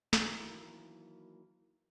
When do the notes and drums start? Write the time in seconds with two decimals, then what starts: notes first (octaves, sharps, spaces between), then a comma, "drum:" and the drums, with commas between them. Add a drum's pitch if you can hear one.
0.13 D#3 E3 F#3 A#3 E4 A#4, drum: snare